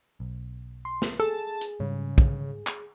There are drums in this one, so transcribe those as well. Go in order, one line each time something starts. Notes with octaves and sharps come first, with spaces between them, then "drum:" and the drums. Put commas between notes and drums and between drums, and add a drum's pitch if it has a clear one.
B1
C6
drum: snare
G#4 A4 A5
drum: hi-hat
G#2 C#3 G3
drum: kick
drum: clap